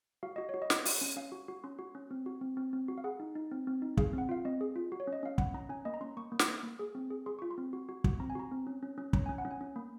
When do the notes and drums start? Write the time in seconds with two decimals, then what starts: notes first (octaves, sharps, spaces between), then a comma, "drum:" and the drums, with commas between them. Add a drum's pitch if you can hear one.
0.23 F#4 F5
0.36 F#4 D#5
0.49 F#4 C#5
0.62 D#5
0.70 F#4, drum: snare
0.85 F#4, drum: open hi-hat
1.01 C#4
1.17 C#4 F5
1.32 F#4
1.48 F#4
1.64 C#4 C6
1.79 F#4
1.95 C#4
2.11 C4
2.26 F#4
2.41 C4
2.57 C4
2.73 C4
2.88 F#4
2.98 F5
3.04 G#4 F#5
3.20 D#4
3.35 D#4
3.51 C4
3.67 C4
3.82 D#4
3.97 G#4 F5, drum: kick
4.13 C4 F#5
4.29 F4 F5
4.45 C4 D#5
4.61 G#4
4.76 F4
4.92 F#4
5.00 C#5
5.07 C#4
5.13 D#5
5.23 C#4 F5
5.38 C#4 F#5, drum: kick
5.54 C#4 A#5
5.70 C#4 G#5
5.85 A#3 D#5
5.94 A#5
6.01 C#4 C6
6.17 A#3 C#6
6.32 A#3
6.39 C#6, drum: snare
6.48 A#3
6.63 A#3
6.79 G#4
6.95 C4
7.10 G#4
7.26 G#4 C6
7.39 F4 C#6
7.51 C6
7.58 C4
7.73 F#4
7.89 F#4
8.04 F#4, drum: kick
8.20 C4 A#5
8.30 G#5
8.35 F#4 A#5
8.51 C4
8.67 C#4
8.83 C#4
8.98 C#4
9.13 C#4 A#5, drum: kick
9.26 C#4 G#5
9.38 F#5
9.45 C#4
9.51 G#5
9.61 C#4
9.76 A#3